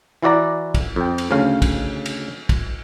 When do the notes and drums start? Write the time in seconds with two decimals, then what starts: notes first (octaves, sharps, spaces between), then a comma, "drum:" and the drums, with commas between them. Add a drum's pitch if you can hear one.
0.23 E3 E4 F#4 D5 A#5
0.74 drum: kick, cymbal
0.96 F2 G5
1.18 drum: cymbal
1.31 D2 C#3 C#4 F5
1.62 drum: kick, cymbal
2.06 drum: cymbal
2.49 drum: kick, cymbal